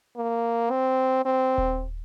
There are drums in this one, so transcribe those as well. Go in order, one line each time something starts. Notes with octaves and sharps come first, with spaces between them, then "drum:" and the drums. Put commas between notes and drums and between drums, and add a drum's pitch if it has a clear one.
A#3
C4
C4
drum: kick D#1